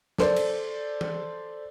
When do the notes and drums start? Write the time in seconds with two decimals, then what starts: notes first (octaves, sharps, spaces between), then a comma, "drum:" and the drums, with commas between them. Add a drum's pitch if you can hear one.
0.18 A4 C5 D5, drum: snare
0.36 drum: cymbal
1.01 drum: tom E3